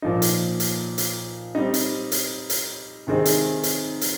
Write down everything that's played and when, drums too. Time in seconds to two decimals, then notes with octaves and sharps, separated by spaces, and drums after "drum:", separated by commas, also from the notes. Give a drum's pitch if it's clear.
0.02 A#2 F3 A#3 D#4
0.22 drum: hi-hat
0.60 drum: hi-hat
0.98 drum: hi-hat
1.55 G3 C4 D#4
1.74 drum: hi-hat
2.12 drum: hi-hat
2.50 drum: hi-hat
3.07 C3 D#3 G#3 C4 D#4
3.25 drum: hi-hat
3.63 drum: hi-hat
4.01 drum: hi-hat